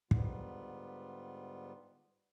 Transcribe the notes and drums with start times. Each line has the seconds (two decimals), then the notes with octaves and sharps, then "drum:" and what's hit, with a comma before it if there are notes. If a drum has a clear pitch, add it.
0.11 G#2 D3 G3 B3 F4, drum: kick